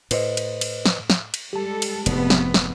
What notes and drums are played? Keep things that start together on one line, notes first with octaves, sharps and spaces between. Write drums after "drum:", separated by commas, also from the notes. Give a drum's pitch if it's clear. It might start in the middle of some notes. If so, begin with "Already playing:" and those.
A2 B4 C5 D#5, drum: cymbal
drum: cymbal
drum: cymbal
drum: snare
drum: snare
drum: cymbal
G3 G#3 G4 A4 A5
drum: cymbal
F1 G#2 C3 F3 B3, drum: cymbal
drum: snare
drum: snare